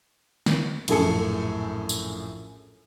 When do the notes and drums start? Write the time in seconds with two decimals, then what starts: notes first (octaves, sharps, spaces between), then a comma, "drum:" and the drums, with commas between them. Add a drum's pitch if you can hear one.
0.46 drum: snare
0.88 A#1 F#2 A2 G#4 A4 C#7, drum: cymbal
1.89 drum: tambourine